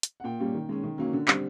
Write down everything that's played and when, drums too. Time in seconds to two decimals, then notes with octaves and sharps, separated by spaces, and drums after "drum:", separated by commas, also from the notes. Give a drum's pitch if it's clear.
0.03 drum: hi-hat
0.20 F#5
0.24 A#2 G5
0.39 G3 A#3 C#4
0.54 D#3
0.69 G#3 C#4
0.84 D#3
0.98 F#3 A#3 C#4
1.13 D3
1.28 G3 C4, drum: clap